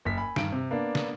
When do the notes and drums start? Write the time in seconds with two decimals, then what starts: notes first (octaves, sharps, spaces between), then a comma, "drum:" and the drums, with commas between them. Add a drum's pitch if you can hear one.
0.05 F#1 B6
0.18 G#5 B5
0.36 G2 D#3 D7, drum: snare
0.52 C3
0.71 A#3 B3 D4
0.95 drum: snare